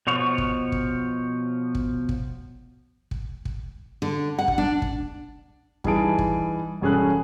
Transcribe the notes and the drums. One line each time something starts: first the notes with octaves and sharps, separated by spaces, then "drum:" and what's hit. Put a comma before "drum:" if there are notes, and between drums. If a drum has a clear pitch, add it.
B2 F3 C#5
drum: kick
drum: kick
drum: kick
drum: kick
drum: kick
drum: kick
D3
F#5
drum: kick
D4
drum: kick
G2 E3 D#4 G#4 A5 D7, drum: kick
drum: kick
E1 G2 C#4 G#4 A4 F#6